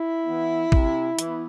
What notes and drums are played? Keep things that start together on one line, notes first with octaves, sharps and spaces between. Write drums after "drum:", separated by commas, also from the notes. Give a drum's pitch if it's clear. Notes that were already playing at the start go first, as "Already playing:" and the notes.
Already playing: E4
E3 B3
C3, drum: kick
E3 B3, drum: hi-hat